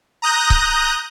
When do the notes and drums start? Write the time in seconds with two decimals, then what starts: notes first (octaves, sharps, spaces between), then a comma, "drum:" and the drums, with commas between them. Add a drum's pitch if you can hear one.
0.22 A#5 D#6 F#6 G6 A#6
0.50 drum: kick C#1